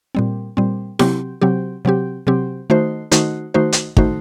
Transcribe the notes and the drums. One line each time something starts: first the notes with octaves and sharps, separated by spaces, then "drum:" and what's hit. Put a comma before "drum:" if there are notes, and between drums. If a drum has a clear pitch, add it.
A#2 G3 C4
A#2 G3 C4
C3 F#3 C4 G4, drum: snare E4
C3 F#3 C4 G4
C3 F#3 C4 G4
C3 F#3 C4 G4
D#3 A3 D#4 F#4 C5
D#3 A3 D#4 F#4 C5, drum: hi-hat
D#3 A3 D#4 F#4 C5
drum: hi-hat
D#3 A3 D#4 F#4 C5, drum: kick